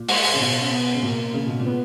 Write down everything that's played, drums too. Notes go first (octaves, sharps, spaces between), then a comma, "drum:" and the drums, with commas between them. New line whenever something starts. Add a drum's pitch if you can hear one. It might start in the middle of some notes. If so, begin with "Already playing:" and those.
Already playing: A#2
G#3, drum: open hi-hat
G#3
A#3
C#3
B2 B3
B3
C#4
B3
C#3
B2 A#3
C#3
B2
A#2
B3